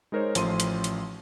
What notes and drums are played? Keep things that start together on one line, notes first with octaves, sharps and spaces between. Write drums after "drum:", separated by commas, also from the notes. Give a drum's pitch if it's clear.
G#3 D#4 A#4 C5 C#5
A1 F3 A3 C6 D#7, drum: hi-hat
drum: hi-hat
drum: hi-hat